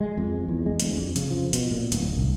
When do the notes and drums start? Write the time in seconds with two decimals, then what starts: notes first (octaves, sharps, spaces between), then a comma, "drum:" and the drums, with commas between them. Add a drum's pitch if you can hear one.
0.01 G#3
0.17 F2
0.48 E2
0.66 G#3
0.80 D2, drum: hi-hat
0.97 F2
1.16 C#3, drum: hi-hat
1.31 F3
1.53 B2, drum: hi-hat
1.71 A#2
1.92 D1, drum: hi-hat
2.16 C2